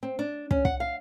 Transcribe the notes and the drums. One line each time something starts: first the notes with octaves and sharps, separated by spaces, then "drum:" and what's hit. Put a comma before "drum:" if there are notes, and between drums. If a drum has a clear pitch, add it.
C4
D4
C#4, drum: kick
F#5, drum: kick
F5